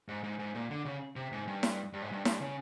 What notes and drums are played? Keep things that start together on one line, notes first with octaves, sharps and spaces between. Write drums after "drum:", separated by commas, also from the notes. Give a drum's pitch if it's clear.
G#2
G#2
G#2
A#2
D3
C#3
C3
G#2
G2
drum: snare E4
G2
G#2
G2
G2, drum: snare E4
C#3